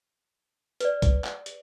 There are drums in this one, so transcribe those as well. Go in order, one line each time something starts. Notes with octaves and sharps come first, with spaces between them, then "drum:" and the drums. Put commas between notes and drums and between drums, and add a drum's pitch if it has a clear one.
B4 D5, drum: hi-hat
drum: kick, hi-hat
drum: clap
drum: hi-hat